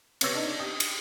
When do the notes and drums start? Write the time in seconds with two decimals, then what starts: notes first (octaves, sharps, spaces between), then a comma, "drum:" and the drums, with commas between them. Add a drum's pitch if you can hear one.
0.21 C3 B3 C#5 D6 E6 A#6, drum: cymbal
0.35 D4 D#4
0.59 G4 D#6
0.80 drum: cymbal